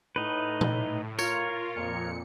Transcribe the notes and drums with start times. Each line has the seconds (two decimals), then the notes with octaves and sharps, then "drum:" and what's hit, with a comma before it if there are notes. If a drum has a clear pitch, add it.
0.16 A2 D#4 B4
0.61 drum: tom A#2
1.19 F4 A#4 C#5, drum: tambourine
1.75 F2 A#2 C#7